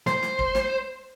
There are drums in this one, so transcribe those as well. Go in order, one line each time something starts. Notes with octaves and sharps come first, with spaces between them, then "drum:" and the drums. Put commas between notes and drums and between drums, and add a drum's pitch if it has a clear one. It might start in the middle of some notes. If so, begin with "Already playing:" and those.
C5, drum: snare
drum: snare
drum: kick
drum: snare